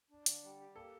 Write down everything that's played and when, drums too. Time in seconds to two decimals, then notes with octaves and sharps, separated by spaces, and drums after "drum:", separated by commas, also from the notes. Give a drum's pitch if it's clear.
0.10 D4
0.26 D3, drum: hi-hat
0.43 G3
0.59 G4
0.75 A#3 A4